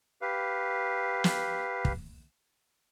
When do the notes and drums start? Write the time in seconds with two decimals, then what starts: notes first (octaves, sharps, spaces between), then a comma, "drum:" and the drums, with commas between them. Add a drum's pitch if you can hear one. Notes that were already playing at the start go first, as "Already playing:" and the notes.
0.22 G4 B4 F5
1.24 drum: snare
1.85 drum: kick